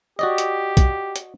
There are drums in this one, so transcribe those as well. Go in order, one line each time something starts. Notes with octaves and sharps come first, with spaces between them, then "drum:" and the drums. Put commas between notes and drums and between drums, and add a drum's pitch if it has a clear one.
F#4 G4 D5 D#5
drum: hi-hat
drum: kick B1, hi-hat
drum: hi-hat